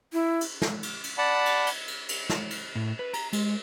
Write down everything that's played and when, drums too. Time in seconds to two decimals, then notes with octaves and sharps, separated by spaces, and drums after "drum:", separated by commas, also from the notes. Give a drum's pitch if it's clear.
0.13 E4
0.41 drum: cymbal
0.62 drum: snare
0.83 drum: cymbal
1.04 drum: cymbal
1.18 D5 F#5 A5 B5
1.46 drum: cymbal
1.67 drum: cymbal
1.88 drum: cymbal
2.09 drum: cymbal
2.30 drum: snare
2.51 drum: cymbal
2.75 A2
2.99 B4
3.14 A#5, drum: cymbal
3.33 G#3, drum: cymbal